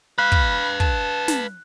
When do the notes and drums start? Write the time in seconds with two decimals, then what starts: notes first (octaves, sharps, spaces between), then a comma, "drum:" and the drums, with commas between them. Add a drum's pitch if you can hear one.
0.18 B4 F5 B5 F#6
0.32 drum: kick
0.80 A5, drum: kick
1.28 drum: snare